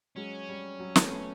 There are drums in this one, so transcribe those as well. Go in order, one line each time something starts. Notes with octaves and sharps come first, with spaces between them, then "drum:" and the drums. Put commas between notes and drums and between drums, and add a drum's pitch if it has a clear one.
F#3 G#3 C#4
G3
F#3
A3 B3, drum: snare
A3 B3